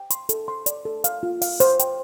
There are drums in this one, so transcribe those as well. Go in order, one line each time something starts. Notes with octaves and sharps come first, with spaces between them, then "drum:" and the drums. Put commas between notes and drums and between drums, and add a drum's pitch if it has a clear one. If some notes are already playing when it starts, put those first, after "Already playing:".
Already playing: G5
C6, drum: hi-hat
A4, drum: hi-hat
C6
D5, drum: hi-hat
A4
F5, drum: hi-hat
F4
F5, drum: open hi-hat
C5, drum: hi-hat
G5, drum: hi-hat